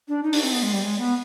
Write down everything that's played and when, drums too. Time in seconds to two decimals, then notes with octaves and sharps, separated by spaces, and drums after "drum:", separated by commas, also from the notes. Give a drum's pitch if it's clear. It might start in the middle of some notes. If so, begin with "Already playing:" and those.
0.08 D4
0.23 D#4
0.33 D4, drum: open hi-hat
0.43 C4
0.53 B3
0.63 G#3
0.73 G3
0.83 G#3
0.98 B3